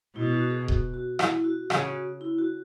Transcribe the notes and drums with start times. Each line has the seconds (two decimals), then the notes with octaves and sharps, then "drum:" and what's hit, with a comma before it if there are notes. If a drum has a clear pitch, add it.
0.16 B2 E4
0.33 F#4
0.50 G#4
0.68 F#4, drum: kick D#1
0.94 F#4
1.19 E4, drum: rim click
1.44 F#4
1.70 C#3 G#4, drum: rim click
1.88 F#4
2.21 E4
2.38 F#4